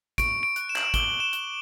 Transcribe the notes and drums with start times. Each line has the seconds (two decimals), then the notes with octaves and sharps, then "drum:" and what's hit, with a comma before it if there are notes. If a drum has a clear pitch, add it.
0.18 C#6 D7, drum: kick, hi-hat
0.43 D7
0.56 F#6, drum: hi-hat
0.69 E7
0.76 F#7, drum: clap
0.85 E7
0.94 D6 G7, drum: kick, hi-hat
1.20 E7
1.33 F#6, drum: hi-hat